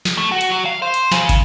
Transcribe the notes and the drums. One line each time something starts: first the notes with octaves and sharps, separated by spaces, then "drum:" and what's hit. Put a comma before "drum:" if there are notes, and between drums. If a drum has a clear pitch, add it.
drum: snare
A3
F#4
drum: hi-hat
F#3
F5
C5
drum: hi-hat
C#3, drum: snare
drum: kick, hi-hat